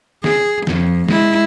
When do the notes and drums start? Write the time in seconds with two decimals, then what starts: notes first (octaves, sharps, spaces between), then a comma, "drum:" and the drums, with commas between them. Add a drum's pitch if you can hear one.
0.24 G#4, drum: snare
0.67 F2, drum: snare
1.08 G#3 E4, drum: snare